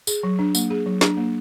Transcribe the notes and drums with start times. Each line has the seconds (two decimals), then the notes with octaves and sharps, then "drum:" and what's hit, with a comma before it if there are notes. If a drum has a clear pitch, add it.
0.07 G#4, drum: tambourine
0.23 F#3
0.39 D4
0.55 A#3, drum: tambourine
0.70 G#4
0.86 F#3
1.01 D4, drum: snare
1.17 A#3